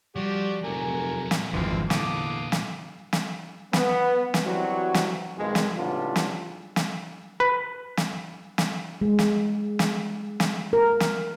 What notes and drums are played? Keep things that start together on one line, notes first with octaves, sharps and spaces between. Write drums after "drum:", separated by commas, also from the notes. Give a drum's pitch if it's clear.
F3 G3 F#4 G4 D5
F1 F#3 A3 A#4 G#5
drum: snare
G#1 F2 D3 E3 F3 C4
E2 A#2 D3 B3 F5 D6 D#6, drum: snare
drum: snare
drum: snare
B3, drum: snare
drum: snare
E3 F#3 G3 C4 F#4
drum: snare
F2 B2 D#3 G#3
drum: snare
A2 C#3 G3 B3 D4 F4
drum: snare
drum: snare
B4
drum: snare
drum: snare
G#3
drum: snare
drum: snare
drum: snare
A#4
drum: snare